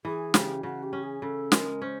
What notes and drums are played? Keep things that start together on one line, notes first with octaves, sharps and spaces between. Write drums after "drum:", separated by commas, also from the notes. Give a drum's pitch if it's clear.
E3 G#4
C#3 G4, drum: snare
C#3 F#4
G4
C#4
G#4
C#3 A4
G#3 A#4, drum: snare
C#4 C5